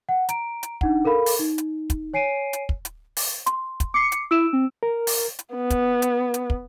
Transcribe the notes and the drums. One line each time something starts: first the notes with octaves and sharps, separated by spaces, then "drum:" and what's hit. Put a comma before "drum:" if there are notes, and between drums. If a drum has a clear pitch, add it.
F#5
A#5 D7, drum: hi-hat
drum: hi-hat
D4 D#4 F#5, drum: kick
A4 A#4 F5 B5
drum: open hi-hat
D#4
drum: hi-hat
drum: kick, hi-hat
C#5 G#5 C7 D7 D#7
drum: hi-hat
drum: kick
drum: hi-hat
drum: open hi-hat
C6, drum: hi-hat
drum: kick, hi-hat
D6 C7 C#7
drum: hi-hat
E4 E6 D7 E7
C4
A#4
drum: open hi-hat
drum: hi-hat
B3
drum: kick, hi-hat
drum: hi-hat
drum: hi-hat
drum: kick